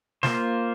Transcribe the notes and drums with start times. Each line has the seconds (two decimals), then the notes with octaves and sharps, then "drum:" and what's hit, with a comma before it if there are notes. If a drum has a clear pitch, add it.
0.23 A#3 F4 C5, drum: snare